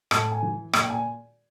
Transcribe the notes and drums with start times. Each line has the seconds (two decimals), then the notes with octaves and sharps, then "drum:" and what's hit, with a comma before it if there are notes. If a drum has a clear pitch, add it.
0.11 A2 A5, drum: rim click
0.32 G#5
0.43 E3
0.73 A#2 G5, drum: rim click
0.83 G5
0.90 G#5